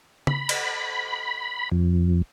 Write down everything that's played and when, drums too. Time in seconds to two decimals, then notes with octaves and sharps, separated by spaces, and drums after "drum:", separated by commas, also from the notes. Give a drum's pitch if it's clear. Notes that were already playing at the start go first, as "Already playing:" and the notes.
0.27 B5, drum: tom
0.49 drum: cymbal
1.72 F2